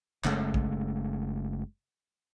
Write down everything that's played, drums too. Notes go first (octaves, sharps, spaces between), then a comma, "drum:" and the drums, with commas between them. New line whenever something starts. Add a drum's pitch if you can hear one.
F#1 C#3 G#3 A3, drum: clap
drum: kick A#1